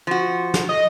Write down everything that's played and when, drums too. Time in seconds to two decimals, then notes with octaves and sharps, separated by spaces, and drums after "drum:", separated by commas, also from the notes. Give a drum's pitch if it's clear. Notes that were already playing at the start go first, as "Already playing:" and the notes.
0.07 F3 F#4
0.54 drum: snare
0.69 D#5